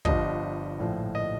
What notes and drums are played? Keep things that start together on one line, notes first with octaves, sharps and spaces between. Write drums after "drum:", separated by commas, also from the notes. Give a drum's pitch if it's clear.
G1 G2 F3 D#5, drum: kick
A#1 A2 F3
D#5